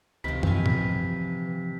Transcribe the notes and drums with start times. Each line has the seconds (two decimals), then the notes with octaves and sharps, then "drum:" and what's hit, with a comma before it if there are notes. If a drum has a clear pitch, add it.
0.24 C#2 C3 D#3 F3 B5 B6
0.43 E3 G4 F5 G#5 B6, drum: tom
0.66 drum: tom A2